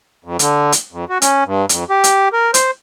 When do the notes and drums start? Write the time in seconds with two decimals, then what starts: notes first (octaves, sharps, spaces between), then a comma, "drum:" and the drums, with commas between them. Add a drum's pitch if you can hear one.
0.24 F2
0.39 D3, drum: hi-hat
0.72 drum: hi-hat
0.92 F2
1.09 F#4
1.22 C#4, drum: hi-hat
1.46 G2
1.69 F2, drum: hi-hat
1.90 G4
2.04 drum: hi-hat
2.33 A#4
2.54 C5, drum: hi-hat